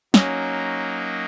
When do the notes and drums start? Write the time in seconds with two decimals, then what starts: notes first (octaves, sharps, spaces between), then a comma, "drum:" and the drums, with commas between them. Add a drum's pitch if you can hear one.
0.14 F#3 A#3 C#4 D#4, drum: snare